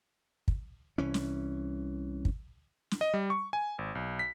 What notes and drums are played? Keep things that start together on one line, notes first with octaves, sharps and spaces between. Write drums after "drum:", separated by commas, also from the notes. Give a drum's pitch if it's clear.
drum: kick
C2 E3 C#4
drum: snare
drum: kick
drum: snare
D#5
G3
C#6
G#5
G#1
B1
B6